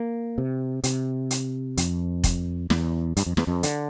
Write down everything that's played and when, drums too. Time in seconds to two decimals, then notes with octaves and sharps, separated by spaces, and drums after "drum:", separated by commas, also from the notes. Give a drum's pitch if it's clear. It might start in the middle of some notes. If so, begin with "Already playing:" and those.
Already playing: A#3
0.38 C3
0.84 C3, drum: hi-hat
1.31 drum: hi-hat
1.77 F2, drum: hi-hat
2.24 drum: kick F1, hi-hat
2.70 E2, drum: snare
3.17 G2, drum: hi-hat
3.26 F2
3.37 E2, drum: snare
3.47 F2
3.63 D3, drum: hi-hat